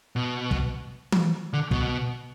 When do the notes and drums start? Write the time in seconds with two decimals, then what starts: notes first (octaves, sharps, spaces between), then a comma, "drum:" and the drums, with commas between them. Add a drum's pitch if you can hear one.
0.16 B2
0.51 drum: kick
1.12 drum: tom
1.53 D3
1.71 B2, drum: kick